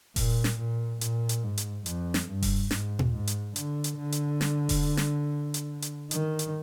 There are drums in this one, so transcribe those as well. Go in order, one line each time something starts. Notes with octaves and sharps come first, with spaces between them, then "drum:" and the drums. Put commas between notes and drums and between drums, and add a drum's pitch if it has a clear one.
A#2, drum: kick F1, open hi-hat
drum: snare
A#2
A#2, drum: hi-hat
drum: hi-hat
G#2
drum: hi-hat
F2, drum: hi-hat
drum: snare
G2
drum: kick F1, open hi-hat
G#2, drum: snare
drum: tom
G#2
drum: hi-hat
D3, drum: hi-hat
drum: hi-hat
D3
drum: hi-hat
drum: snare
drum: kick F1, open hi-hat
drum: snare
drum: hi-hat
drum: hi-hat
D#3, drum: hi-hat
drum: hi-hat